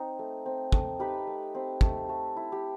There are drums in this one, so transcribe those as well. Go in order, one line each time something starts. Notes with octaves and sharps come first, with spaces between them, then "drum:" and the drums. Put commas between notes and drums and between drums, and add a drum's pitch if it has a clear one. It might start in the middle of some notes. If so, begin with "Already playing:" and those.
Already playing: C4 D#4
A3
C4
A3, drum: kick
D#4 G4 B4
A3
C4
A3, drum: kick
A3
E4
G4